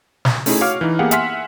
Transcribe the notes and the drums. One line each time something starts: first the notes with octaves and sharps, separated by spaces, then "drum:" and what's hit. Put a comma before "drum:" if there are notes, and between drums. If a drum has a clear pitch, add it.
drum: snare
A3 C#4 D#4 E4 G#4, drum: open hi-hat
F#4 C#5 F5 D6 F6
E3 D#4
A#3 B3 G4 G#4 F5 F#5
E5 F#5 G#5 C6 F6 B6, drum: hi-hat